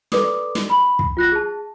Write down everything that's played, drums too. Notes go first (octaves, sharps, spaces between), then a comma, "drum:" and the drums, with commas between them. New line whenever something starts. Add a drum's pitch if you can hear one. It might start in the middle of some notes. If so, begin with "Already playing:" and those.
A4 B4 D5 D6 D#6, drum: snare
drum: snare
B5
drum: kick
F4 F#6 A#6
G#4 A5